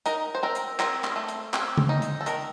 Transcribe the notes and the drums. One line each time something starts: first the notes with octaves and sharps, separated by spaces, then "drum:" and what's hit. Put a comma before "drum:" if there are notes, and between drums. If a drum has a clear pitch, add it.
D#4 A#4, drum: hi-hat
C5
C4 A#4
drum: hi-hat
C4 A#4, drum: clap
drum: clap
A3
drum: hi-hat
C4, drum: clap
drum: tom
D#4
drum: hi-hat
A4
D#3 A#4, drum: hi-hat